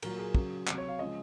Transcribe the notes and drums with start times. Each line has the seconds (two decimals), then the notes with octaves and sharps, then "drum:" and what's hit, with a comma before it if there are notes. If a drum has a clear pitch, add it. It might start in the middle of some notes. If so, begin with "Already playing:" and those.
0.02 A#2 F#3 A#4, drum: cymbal
0.19 G#4
0.35 C#3 F#3, drum: kick
0.67 C3 F#3, drum: clap
0.78 C#5
0.88 F5
0.99 C#3 F3 G#3 D#5